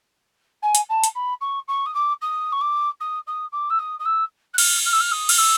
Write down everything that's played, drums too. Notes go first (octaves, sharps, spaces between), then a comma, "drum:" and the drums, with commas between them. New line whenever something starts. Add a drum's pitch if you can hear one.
G#5
drum: hi-hat
A5
drum: hi-hat
B5
C#6
C#6
D#6
D6
D#6
C#6
D6
D#6
D#6
D6
E6
D#6
D#6
E6
F#6
F6, drum: cymbal
F6
E6
F6
D#6
F6, drum: cymbal
E6